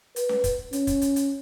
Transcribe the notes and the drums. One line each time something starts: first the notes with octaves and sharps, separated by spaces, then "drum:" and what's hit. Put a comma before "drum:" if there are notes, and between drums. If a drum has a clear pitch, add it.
B4, drum: hi-hat
drum: snare C#4
drum: kick, hi-hat
C#4, drum: hi-hat
drum: kick, hi-hat
drum: hi-hat
drum: hi-hat